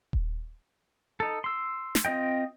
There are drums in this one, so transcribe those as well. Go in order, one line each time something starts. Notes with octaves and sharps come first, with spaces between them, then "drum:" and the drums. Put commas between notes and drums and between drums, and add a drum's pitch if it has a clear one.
drum: kick D#1
D#4 A4
C6 E6
drum: snare
C4 F4 D#5 G5